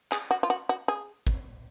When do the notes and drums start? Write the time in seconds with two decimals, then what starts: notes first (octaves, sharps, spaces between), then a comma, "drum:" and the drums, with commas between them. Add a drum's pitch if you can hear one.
0.12 G#4, drum: clap
0.31 F#4
0.43 F4
0.50 F#4
0.69 F#4
0.88 G#4
1.27 drum: kick G#1